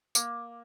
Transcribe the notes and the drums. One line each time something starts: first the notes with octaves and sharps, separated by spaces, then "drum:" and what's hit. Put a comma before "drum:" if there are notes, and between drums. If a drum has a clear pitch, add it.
A#3, drum: tambourine